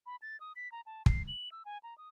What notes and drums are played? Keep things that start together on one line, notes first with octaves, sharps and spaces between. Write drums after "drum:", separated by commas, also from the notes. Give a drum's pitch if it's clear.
B5
A6
D#6
B6
A#5
A5
C7, drum: kick
F#7
E6
G#5
A#5
D#6